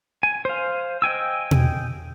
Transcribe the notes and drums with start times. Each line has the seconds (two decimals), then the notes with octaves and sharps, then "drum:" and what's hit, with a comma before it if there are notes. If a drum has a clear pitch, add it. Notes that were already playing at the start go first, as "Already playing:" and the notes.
0.23 G#5
0.45 C5 F5
1.02 D#5 G5 G#5 E6
1.51 drum: tom